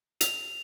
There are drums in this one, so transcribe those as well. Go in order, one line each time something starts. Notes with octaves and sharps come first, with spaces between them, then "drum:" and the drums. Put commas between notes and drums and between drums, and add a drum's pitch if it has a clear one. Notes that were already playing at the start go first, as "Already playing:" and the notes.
F7, drum: hi-hat